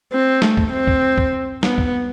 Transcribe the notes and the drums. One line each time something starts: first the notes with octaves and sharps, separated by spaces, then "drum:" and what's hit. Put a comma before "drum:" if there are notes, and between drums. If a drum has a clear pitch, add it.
C4
A3, drum: snare
drum: kick
C4
drum: kick
drum: kick
B3, drum: snare
drum: kick